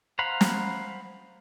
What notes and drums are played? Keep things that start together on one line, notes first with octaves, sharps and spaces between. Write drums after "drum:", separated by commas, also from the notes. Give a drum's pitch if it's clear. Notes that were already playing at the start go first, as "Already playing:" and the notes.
C5 F5 F#5 A#5 B5
drum: snare